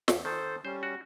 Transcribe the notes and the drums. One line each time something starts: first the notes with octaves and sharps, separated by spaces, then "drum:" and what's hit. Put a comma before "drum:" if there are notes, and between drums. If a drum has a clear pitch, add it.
E2, drum: snare
D#3 A4 C5
G3 C#4 C5
F#4